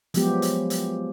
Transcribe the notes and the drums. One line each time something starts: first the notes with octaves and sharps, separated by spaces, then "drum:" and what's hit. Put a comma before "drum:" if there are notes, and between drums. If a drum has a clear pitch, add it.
F3 F#3 G#3 B3 G4, drum: hi-hat
drum: hi-hat
drum: hi-hat